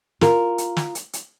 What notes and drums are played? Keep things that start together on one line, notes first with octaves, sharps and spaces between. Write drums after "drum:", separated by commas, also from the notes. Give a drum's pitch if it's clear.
F4 A#4, drum: snare
drum: hi-hat
drum: snare
drum: hi-hat
drum: hi-hat